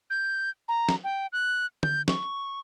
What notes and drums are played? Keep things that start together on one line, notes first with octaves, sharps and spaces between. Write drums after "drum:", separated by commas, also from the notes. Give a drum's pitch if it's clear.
G6
A#5
drum: snare
G5
F#6
G6, drum: tom
C#6, drum: snare